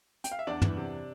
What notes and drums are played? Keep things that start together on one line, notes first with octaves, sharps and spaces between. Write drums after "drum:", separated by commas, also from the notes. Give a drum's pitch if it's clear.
G5, drum: hi-hat
F5
E5
E2 D4 D5
E3, drum: tom
C3